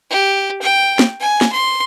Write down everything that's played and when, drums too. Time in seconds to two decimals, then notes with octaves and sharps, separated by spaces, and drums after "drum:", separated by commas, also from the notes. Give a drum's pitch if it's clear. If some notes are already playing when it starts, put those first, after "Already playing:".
0.10 G4
0.61 G5
0.99 drum: snare
1.20 G#5
1.41 drum: snare
1.52 C6